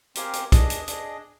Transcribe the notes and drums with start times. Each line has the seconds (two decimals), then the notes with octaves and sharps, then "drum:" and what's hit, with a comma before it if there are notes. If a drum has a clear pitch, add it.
0.15 C4 G4 A#4 F5 G#5, drum: hi-hat
0.33 drum: hi-hat
0.52 D4 G#4 D#5, drum: kick, hi-hat
0.70 drum: hi-hat
0.88 D4 G#4 D#5, drum: hi-hat